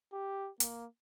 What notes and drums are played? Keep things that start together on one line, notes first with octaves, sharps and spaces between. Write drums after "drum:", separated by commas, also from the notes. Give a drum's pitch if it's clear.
G4
A#3, drum: hi-hat